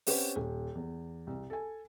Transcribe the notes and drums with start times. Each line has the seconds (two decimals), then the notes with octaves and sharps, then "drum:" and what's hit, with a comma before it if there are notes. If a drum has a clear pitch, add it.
0.07 C4 C#4 G4 B4 C#5 F#5, drum: open hi-hat
0.36 D#1
0.75 E2
1.27 C2
1.50 A4 G#5